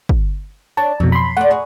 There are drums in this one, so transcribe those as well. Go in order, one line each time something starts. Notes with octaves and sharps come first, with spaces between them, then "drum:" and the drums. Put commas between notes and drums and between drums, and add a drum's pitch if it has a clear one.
drum: kick
D4 C#5 A5
F2 B2 F#3
B5 C6
A3 D5 F#5
F#4 G#4